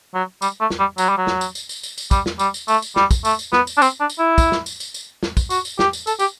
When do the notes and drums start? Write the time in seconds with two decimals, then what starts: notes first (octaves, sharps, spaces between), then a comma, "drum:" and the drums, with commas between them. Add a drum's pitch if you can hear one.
0.14 F#3
0.42 G3, drum: tambourine
0.61 A3
0.70 drum: snare
0.80 G3
0.98 F#3, drum: tambourine
1.09 G3
1.18 F#3
1.27 drum: snare
1.41 drum: tambourine
1.55 drum: tambourine
1.69 drum: tambourine
1.83 drum: tambourine
1.98 drum: tambourine
2.11 G3, drum: kick, tambourine
2.26 drum: snare
2.39 G3, drum: tambourine
2.54 drum: tambourine
2.68 A3, drum: tambourine
2.82 drum: tambourine
2.96 G3, drum: snare
3.11 drum: kick, tambourine
3.25 A3, drum: tambourine
3.39 drum: tambourine
3.53 B3, drum: snare
3.67 drum: tambourine
3.77 D4
3.82 C4, drum: tambourine
4.00 D4
4.10 drum: tambourine
4.19 E4
4.38 drum: kick, tambourine
4.52 drum: snare
4.66 drum: tambourine
4.80 drum: tambourine
4.94 drum: tambourine
5.23 drum: snare
5.37 drum: kick, tambourine
5.50 F#4, drum: tambourine
5.65 drum: tambourine
5.79 G4, drum: snare
5.93 drum: tambourine
6.07 A4, drum: tambourine
6.19 G4, drum: tambourine